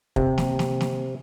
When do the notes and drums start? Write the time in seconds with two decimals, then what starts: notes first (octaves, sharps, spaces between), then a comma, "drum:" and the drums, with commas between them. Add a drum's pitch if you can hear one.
0.16 C3, drum: kick
0.38 drum: snare
0.59 drum: snare
0.81 drum: snare